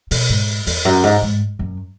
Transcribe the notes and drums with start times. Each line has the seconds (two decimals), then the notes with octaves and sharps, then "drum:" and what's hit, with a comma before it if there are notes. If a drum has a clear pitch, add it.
0.11 B2, drum: open hi-hat
0.29 G#2
0.67 E2, drum: open hi-hat
0.85 F#2
1.04 G#2
1.22 G#2
1.59 F#2